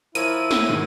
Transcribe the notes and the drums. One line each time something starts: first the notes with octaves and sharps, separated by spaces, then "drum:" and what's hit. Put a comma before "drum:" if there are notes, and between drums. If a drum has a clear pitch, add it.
F3 E4 A#4 C#5 D#7, drum: hi-hat
A2, drum: snare
G#2 B2 D#3